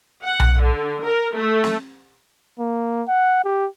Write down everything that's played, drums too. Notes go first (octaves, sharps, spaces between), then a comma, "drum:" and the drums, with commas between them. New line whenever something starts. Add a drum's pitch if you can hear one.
F#5
drum: tom B1
D3
A#4
A3
drum: snare
A#3
F#5
G4